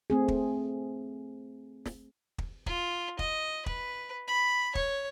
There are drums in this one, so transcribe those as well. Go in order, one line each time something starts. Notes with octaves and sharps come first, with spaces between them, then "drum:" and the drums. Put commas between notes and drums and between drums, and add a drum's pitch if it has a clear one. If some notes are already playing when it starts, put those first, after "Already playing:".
A3 C4 G#4
drum: kick
drum: snare
drum: kick
F4, drum: kick
D#5, drum: kick
B4, drum: kick
B5
C#5, drum: kick